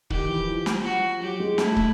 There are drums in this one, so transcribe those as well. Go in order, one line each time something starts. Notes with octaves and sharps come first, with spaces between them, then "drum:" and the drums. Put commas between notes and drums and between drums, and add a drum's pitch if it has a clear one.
D#3 G4, drum: kick
E3
F3
drum: snare
F#4
F#3 G4
G#3
A3 E4, drum: snare
drum: kick